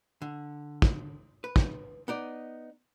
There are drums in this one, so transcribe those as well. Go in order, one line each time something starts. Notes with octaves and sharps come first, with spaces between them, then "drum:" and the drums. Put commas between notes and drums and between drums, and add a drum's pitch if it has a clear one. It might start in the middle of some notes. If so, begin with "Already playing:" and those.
D3
drum: kick
B4
drum: kick
B3 D#4 D5